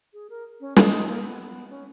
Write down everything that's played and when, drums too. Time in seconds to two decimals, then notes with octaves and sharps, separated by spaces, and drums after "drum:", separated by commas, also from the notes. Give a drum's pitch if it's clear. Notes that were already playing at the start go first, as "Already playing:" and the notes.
0.14 G#4
0.30 A#4
0.60 C#4
0.76 D#4, drum: snare
1.08 A#3
1.23 B3
1.70 C#4